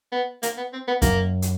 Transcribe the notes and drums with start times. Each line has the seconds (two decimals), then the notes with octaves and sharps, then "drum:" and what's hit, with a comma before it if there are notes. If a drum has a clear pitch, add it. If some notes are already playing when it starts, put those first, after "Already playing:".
0.12 B3
0.43 A#3, drum: hi-hat
0.57 B3
0.73 C4
0.88 B3
1.02 F#2 A#3, drum: kick, hi-hat
1.42 drum: hi-hat